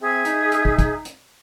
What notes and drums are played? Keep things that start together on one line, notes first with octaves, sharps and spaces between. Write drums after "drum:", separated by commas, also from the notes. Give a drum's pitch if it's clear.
C4 G#4 E5
D#4, drum: hi-hat
drum: hi-hat
drum: kick
drum: kick, hi-hat
drum: hi-hat